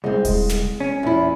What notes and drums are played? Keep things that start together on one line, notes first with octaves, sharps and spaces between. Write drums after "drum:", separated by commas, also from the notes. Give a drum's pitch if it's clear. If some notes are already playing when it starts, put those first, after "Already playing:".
C2 G#3 C4
G#3, drum: kick D#1, open hi-hat
drum: snare
C#4
E2 E4